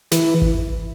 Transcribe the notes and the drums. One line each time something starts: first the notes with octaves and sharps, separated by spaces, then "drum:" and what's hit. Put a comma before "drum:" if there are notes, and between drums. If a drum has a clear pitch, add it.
E3, drum: snare
drum: kick G#1